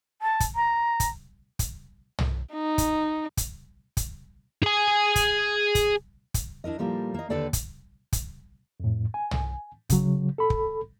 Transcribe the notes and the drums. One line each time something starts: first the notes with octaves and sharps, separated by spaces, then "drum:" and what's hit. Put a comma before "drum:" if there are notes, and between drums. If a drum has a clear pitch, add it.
A5
drum: kick, hi-hat
A#5
drum: kick, hi-hat
drum: kick, hi-hat
drum: tom
D#4
drum: kick, hi-hat
drum: kick, hi-hat
drum: kick, hi-hat
G#4 G#5
drum: kick, hi-hat
drum: kick, hi-hat
drum: kick, hi-hat
D4 E4 A#4 D#5
A#2 F3 G3 A#3 A4 A#4
A#3 D#5
D#2 D3 A4 B4 D5 G5
drum: kick, hi-hat
drum: kick, hi-hat
F2 A2
G#5
drum: tom
C#3 F#3, drum: kick, hi-hat
A4 B5
drum: kick